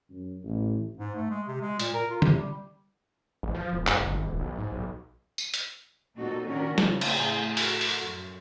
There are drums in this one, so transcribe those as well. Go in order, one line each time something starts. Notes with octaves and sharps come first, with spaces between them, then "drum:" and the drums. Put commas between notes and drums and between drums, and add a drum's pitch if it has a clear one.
F#2
A1
G#2
A3
G#3
C3
G#3
A#2, drum: hi-hat
A#4
F4
C3, drum: tom
G3
A1
F3
E1
G2, drum: clap
F#1
G#1
D#1
B1
G#2
B1
drum: tambourine
drum: hi-hat
A#2 C4 D#4 F#4 A4
A#2 D#3 C#4 D4 F#4 A#4
C#3 A3 C4 F4, drum: snare
drum: cymbal
A2 G#4
F#4 A4 A#4, drum: open hi-hat
drum: open hi-hat
F#2